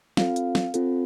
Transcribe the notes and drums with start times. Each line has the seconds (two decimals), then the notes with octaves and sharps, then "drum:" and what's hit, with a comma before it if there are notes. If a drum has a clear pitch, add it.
0.17 C4 F4 A4 F5, drum: snare
0.36 drum: hi-hat
0.55 drum: snare
0.74 C4 F4 A4, drum: hi-hat